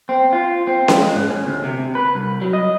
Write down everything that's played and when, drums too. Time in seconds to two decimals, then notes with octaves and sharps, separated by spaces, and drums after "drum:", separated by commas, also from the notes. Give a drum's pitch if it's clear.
0.09 C4
0.33 F4
0.67 C4
0.88 G#3, drum: snare C#4
1.15 G#2
1.30 C#4
1.47 D2
1.64 C3
1.95 B4
2.15 C2
2.42 F#3
2.53 D#5